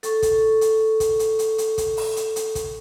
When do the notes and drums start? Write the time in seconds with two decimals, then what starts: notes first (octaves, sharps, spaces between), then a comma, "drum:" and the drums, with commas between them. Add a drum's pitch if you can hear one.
0.03 A4 C#6, drum: hi-hat
0.22 drum: kick, hi-hat
0.61 drum: hi-hat
1.00 drum: kick, hi-hat
1.19 drum: hi-hat
1.39 drum: hi-hat
1.58 drum: hi-hat
1.78 drum: kick, hi-hat
1.97 drum: open hi-hat
2.16 drum: hi-hat
2.36 drum: hi-hat
2.55 drum: kick, hi-hat